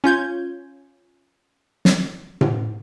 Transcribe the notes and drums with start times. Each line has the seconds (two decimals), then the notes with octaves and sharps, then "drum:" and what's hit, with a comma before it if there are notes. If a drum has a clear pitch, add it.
0.04 C#4 F4 G6 G#6
1.85 drum: snare
2.41 drum: tom A2